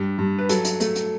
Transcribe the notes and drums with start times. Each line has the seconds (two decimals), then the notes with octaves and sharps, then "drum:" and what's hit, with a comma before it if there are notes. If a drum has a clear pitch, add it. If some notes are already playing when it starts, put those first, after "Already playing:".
Already playing: G2
0.18 G2
0.39 B4
0.49 F#3 A4, drum: hi-hat
0.65 drum: hi-hat
0.80 A3, drum: hi-hat
0.95 drum: hi-hat